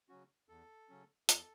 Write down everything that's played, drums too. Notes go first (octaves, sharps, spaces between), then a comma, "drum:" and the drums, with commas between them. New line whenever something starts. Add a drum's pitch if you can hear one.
C#3 F#3 C#4 F#4
E2 A4
C#3 F#3 C#4
E2 A4, drum: hi-hat